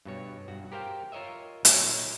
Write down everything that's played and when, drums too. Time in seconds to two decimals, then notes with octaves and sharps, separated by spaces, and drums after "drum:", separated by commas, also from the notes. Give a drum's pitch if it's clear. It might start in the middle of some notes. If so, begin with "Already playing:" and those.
0.05 G2 B2 C#5
0.48 G2 F#4
0.72 G4 A#4 C5 F5 G5
1.12 F4 A#4 C#5 D#5 E5
1.65 A#2 F#3 D#4 C#5 E5, drum: hi-hat